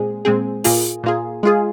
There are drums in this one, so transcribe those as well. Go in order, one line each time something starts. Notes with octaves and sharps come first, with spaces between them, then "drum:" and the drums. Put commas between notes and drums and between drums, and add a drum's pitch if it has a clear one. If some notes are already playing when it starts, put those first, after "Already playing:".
Already playing: A#2 G#3 C4 G#4
A#2 G#3 C4 G#4
A#2 A#3 F4 G#4, drum: open hi-hat
A#2 A#3 F4 G#4
G#3 F4 G#4